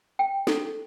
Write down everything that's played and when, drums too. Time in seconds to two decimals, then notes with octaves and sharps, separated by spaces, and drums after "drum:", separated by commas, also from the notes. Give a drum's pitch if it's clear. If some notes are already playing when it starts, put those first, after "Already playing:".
0.19 G5
0.47 A4, drum: snare